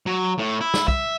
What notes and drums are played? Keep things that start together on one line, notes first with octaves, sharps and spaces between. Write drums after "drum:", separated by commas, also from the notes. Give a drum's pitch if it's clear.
F#3
A2
E4
drum: snare
E5, drum: kick